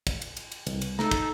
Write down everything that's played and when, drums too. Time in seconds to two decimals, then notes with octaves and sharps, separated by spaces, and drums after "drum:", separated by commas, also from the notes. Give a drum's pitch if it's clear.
0.07 drum: kick, cymbal
0.22 drum: cymbal
0.37 drum: cymbal
0.52 drum: cymbal
0.67 C2, drum: cymbal
0.82 drum: cymbal
0.99 D#4 A4 A#5, drum: snare
1.11 drum: kick, cymbal